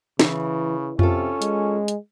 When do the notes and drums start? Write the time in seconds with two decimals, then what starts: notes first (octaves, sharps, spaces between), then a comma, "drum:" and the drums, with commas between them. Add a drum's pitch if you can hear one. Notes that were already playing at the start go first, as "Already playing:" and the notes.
0.19 C#3 E3, drum: snare
0.99 C3 C#4 F4 A4, drum: tom F2
1.42 G#3, drum: hi-hat
1.88 drum: hi-hat